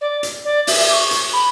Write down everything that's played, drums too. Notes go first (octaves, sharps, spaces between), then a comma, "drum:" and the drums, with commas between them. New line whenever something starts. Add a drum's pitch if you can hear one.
D5
drum: hi-hat
D5
E5, drum: open hi-hat
D6
C#6
drum: hi-hat
B5